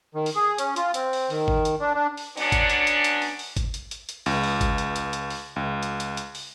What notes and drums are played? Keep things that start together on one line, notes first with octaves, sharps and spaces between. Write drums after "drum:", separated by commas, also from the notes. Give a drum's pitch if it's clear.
D#3
drum: open hi-hat
G#4
C#4, drum: hi-hat
F4, drum: hi-hat
C4, drum: hi-hat
drum: open hi-hat
D#3, drum: open hi-hat
drum: kick G#1
drum: hi-hat
D4
D4
drum: open hi-hat
F#3 B3 C#4 D4, drum: open hi-hat
drum: kick G#1, hi-hat
drum: hi-hat
drum: hi-hat
drum: hi-hat
drum: open hi-hat
drum: open hi-hat
drum: kick G#1, hi-hat
drum: hi-hat
drum: hi-hat
drum: hi-hat
C#2, drum: open hi-hat
drum: open hi-hat
drum: kick G#1, hi-hat
drum: hi-hat
drum: hi-hat
drum: hi-hat
drum: open hi-hat
C#2
drum: hi-hat
drum: hi-hat
drum: hi-hat
drum: open hi-hat